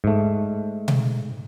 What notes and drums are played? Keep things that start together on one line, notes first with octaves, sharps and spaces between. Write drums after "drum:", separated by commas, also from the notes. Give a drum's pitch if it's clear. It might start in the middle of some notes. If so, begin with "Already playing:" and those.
G#2 A3
drum: tom B2